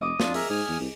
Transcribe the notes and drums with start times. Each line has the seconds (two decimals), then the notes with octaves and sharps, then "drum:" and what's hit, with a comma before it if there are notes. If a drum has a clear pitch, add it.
0.01 F1 D#5 D6 D#6
0.20 F2 D4 F4, drum: snare
0.34 G#4 A#4 E5, drum: open hi-hat
0.50 G#2 G#5 D#6 F6
0.68 E2
0.80 C2